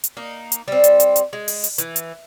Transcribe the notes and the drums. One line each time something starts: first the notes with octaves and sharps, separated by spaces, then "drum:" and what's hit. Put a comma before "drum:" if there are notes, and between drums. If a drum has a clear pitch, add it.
drum: hi-hat
A#3 D#4
drum: hi-hat
G3 C4
drum: hi-hat
drum: hi-hat
drum: hi-hat
G#3
drum: open hi-hat
drum: hi-hat
E3, drum: hi-hat
drum: hi-hat